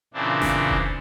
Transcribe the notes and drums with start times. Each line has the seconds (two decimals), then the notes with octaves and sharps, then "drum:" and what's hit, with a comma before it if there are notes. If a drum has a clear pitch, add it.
0.14 A#2 C#3 E3 C4 D4
0.42 drum: snare G1
0.69 drum: kick E1